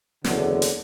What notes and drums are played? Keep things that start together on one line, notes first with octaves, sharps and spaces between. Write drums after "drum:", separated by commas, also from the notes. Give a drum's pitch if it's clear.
F#1 E2 D3, drum: snare
drum: hi-hat